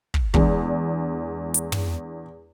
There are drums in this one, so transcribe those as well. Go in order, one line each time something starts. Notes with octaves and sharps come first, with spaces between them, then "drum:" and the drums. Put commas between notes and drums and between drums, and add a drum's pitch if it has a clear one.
drum: kick
E2 G#3 D4, drum: kick
drum: hi-hat
drum: tom